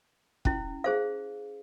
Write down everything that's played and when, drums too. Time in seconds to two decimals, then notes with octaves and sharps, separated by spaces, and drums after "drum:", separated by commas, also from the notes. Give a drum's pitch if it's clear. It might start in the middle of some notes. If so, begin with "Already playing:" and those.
0.45 C#4 E4, drum: kick
0.84 G#4 C5 F5